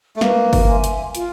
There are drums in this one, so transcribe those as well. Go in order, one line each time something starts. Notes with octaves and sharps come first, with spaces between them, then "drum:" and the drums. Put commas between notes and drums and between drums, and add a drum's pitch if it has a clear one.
A3
A#3 B4, drum: snare
drum: kick G1, open hi-hat
E5 G#5 C6
drum: hi-hat
F4, drum: hi-hat